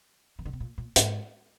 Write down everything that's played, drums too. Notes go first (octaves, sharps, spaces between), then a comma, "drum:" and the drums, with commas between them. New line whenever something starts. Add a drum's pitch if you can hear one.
D#3
D3
C3
A#2
A#2
G#2, drum: hi-hat